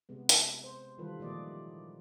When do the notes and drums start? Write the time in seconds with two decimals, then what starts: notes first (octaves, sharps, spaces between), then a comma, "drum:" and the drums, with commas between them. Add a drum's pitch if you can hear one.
0.09 C3 G#3 B3
0.29 drum: hi-hat
0.64 C5
0.98 D#3 E3 G3 F4 A4 B4
1.20 A#2 D#3 F3 G#3 D5 D#5